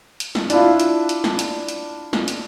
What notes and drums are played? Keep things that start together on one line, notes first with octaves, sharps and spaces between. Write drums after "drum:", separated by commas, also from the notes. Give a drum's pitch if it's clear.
drum: hi-hat
drum: snare
D4 E4 F4, drum: hi-hat
drum: hi-hat
drum: hi-hat
drum: snare
drum: hi-hat
drum: hi-hat
drum: snare
drum: hi-hat